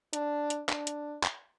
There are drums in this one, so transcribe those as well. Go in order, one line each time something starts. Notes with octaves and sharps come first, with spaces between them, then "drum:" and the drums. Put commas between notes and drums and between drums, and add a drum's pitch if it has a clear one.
D4, drum: hi-hat
drum: hi-hat
D4, drum: clap
drum: hi-hat
drum: clap